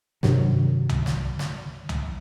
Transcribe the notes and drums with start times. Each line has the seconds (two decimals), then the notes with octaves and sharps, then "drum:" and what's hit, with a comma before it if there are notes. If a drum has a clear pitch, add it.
0.23 G2 C3 D#3 F#3, drum: snare
0.89 drum: tom C2
1.06 drum: snare
1.39 drum: snare
1.89 drum: tom C2